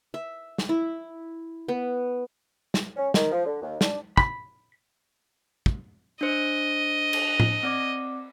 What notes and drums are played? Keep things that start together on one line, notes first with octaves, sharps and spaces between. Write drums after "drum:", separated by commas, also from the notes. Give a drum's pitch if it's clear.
E5
drum: snare
E4
B3
drum: snare
C#4
D#3, drum: snare
F3
D3
D#2
D4, drum: snare
B5, drum: kick
drum: kick
D4 C5 D#5
drum: cymbal
drum: tom A2
C4 D5 D6